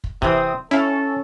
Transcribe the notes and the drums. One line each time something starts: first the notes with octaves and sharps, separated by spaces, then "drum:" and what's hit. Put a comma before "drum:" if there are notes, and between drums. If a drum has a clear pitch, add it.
drum: kick
C3 E3 C4 D#6, drum: kick
C#4 E4 A4 F5